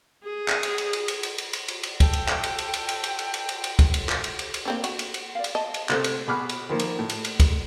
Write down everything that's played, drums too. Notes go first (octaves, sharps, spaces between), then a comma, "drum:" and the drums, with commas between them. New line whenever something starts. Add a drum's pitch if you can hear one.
G#4
drum: clap
drum: cymbal
drum: cymbal
drum: cymbal
drum: cymbal
drum: cymbal
drum: cymbal
drum: cymbal
drum: cymbal
drum: cymbal
A4 G5, drum: kick, cymbal
drum: cymbal
drum: clap
drum: cymbal
drum: cymbal
drum: cymbal
drum: cymbal
drum: cymbal
drum: cymbal
drum: cymbal
drum: cymbal
drum: cymbal
drum: kick, cymbal
drum: cymbal
drum: clap
drum: cymbal
drum: cymbal
drum: cymbal
A#3 C4 D4
F#4, drum: cymbal
drum: cymbal
drum: cymbal
D5 F5
drum: cymbal
D#5 A5
drum: cymbal
C3 A3 C5, drum: clap
drum: cymbal
B2 G#4 B5 D6 F6 F#6
drum: cymbal
D#3 F3 A#3
drum: cymbal
A2
drum: cymbal
drum: cymbal
drum: kick, cymbal